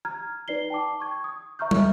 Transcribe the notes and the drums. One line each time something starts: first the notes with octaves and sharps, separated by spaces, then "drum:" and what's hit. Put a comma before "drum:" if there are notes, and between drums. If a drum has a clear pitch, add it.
A#5 F6 G#6
D#4 B4 D5 C7 G7
G5 A5 D6
C#6 G#6
D#6
E5 A#5 C#6 F6 G6
drum: tom